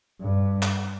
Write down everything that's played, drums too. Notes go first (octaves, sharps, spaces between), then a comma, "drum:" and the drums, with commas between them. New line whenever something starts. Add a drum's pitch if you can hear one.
G2
drum: clap